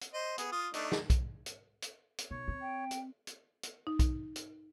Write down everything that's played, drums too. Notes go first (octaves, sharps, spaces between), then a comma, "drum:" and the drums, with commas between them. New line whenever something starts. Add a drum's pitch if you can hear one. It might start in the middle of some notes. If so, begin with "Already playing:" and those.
drum: hi-hat
C5 D#5
B3 G#4, drum: hi-hat
F4 D#6
A3 D4 D#4, drum: hi-hat
drum: snare
drum: kick B1, hi-hat
drum: hi-hat
drum: hi-hat
drum: hi-hat
B1 C#5
C4
G5
drum: hi-hat
drum: hi-hat
drum: hi-hat
D#4
drum: kick B1, hi-hat
drum: hi-hat